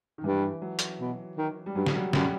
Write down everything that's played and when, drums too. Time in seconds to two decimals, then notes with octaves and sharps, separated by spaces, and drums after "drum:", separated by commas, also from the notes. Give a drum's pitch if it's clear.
0.18 D#3
0.24 G2 E3
0.62 F#3
0.79 drum: hi-hat
1.00 B2
1.37 D#3
1.66 G3
1.75 G2 F#3
1.86 G3, drum: snare
1.95 F#3
2.13 F#2 G3, drum: snare